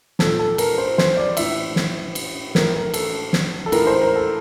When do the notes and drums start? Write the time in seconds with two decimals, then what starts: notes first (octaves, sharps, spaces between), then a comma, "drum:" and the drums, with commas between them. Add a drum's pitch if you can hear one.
0.19 A#2 A4, drum: snare
0.39 A4
0.58 A#4, drum: cymbal
0.78 C5
0.98 C5, drum: snare
1.17 D5
1.37 A2 E3 E5, drum: cymbal
1.76 drum: snare
2.15 drum: cymbal
2.55 A2 E3 A#4, drum: snare
2.75 A#4
2.94 A4, drum: cymbal
3.33 drum: snare
3.66 A4
3.72 A2 E3 A#4, drum: cymbal
3.87 C5
4.01 A#4
4.16 A4